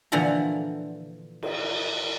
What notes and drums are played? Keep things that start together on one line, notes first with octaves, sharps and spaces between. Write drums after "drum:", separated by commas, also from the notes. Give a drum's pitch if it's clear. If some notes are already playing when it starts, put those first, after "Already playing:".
A#2 D3 E3 F3 F#5 A#5
drum: cymbal